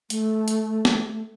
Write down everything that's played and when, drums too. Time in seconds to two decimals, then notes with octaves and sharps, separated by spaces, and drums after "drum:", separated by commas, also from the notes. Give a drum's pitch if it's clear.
0.10 A3, drum: hi-hat
0.48 drum: hi-hat
0.85 drum: snare